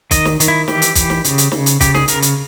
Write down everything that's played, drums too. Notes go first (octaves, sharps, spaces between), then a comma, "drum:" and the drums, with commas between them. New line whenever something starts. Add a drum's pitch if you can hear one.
D#3 D#5, drum: kick, hi-hat
drum: snare
D#3, drum: hi-hat
E4
E3 G4, drum: snare
drum: hi-hat
E3, drum: kick, hi-hat
drum: snare
C#3, drum: hi-hat
drum: hi-hat
C#3, drum: snare
drum: hi-hat
C#3 G4, drum: kick, hi-hat
G#4, drum: snare
C#3 A#4, drum: hi-hat
drum: hi-hat